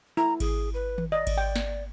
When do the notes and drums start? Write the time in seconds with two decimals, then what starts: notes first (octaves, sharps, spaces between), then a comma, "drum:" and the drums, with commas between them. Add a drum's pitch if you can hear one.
0.17 E4 A#5
0.40 G#4, drum: kick G#1, cymbal
0.74 B4
0.98 drum: tom D#3
1.12 D5 D#5
1.27 drum: kick G#1, cymbal
1.38 G5
1.56 drum: snare